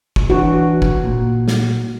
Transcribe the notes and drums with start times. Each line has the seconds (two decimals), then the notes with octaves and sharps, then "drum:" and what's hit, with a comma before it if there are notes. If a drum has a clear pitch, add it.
0.16 drum: kick
0.30 E3 D4 F#4
0.82 drum: kick
1.04 A#2
1.48 drum: snare